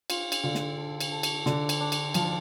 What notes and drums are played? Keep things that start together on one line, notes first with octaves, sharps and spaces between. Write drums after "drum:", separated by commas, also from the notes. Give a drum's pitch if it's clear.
F4, drum: cymbal
drum: cymbal
D3 F4
drum: snare
A4
drum: cymbal
A4
drum: cymbal
D3 D4, drum: snare
drum: cymbal
D4
drum: cymbal
F3 D4, drum: cymbal